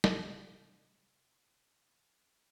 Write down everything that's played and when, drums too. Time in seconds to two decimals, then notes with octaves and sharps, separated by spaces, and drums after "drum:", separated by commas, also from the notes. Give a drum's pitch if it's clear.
0.04 C3 C4, drum: snare